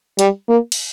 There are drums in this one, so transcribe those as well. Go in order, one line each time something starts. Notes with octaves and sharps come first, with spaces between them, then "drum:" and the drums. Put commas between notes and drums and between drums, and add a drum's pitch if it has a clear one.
G3, drum: hi-hat
A#3
drum: cymbal